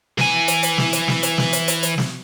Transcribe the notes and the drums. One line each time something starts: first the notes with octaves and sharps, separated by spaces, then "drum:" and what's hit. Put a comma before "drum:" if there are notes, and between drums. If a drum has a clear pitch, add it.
E3 G#5, drum: snare
drum: hi-hat
drum: hi-hat
drum: snare
drum: hi-hat
drum: snare
drum: hi-hat
drum: snare
drum: hi-hat
drum: hi-hat
drum: hi-hat
drum: snare